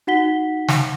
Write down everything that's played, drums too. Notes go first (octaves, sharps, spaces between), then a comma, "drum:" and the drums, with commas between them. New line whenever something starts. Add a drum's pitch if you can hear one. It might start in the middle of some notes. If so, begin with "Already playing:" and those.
D#4 F#4 F#5 B6 G7
drum: snare